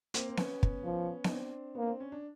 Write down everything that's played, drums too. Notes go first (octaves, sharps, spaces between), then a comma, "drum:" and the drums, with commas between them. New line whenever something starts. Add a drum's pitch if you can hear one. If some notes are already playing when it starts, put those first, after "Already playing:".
A#3 C4, drum: hi-hat
C4
B3 C#4, drum: snare B3
drum: kick
F3
D#4, drum: snare B3
C4 D4
A#3 B3
C4
C#4
D4